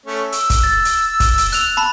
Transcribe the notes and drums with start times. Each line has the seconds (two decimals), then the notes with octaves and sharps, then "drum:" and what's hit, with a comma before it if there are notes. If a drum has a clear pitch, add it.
0.06 A3 C#4
0.32 E6, drum: hi-hat
0.50 drum: kick, hi-hat
0.63 A6
0.85 drum: hi-hat
1.20 drum: kick, hi-hat
1.38 drum: hi-hat
1.52 F#6 F7, drum: hi-hat
1.77 A5 B5